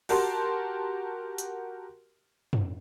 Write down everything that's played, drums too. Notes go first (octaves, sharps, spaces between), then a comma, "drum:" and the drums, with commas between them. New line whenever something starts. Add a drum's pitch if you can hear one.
F#4 G4 A#4 A5 C6, drum: open hi-hat
drum: hi-hat
drum: tom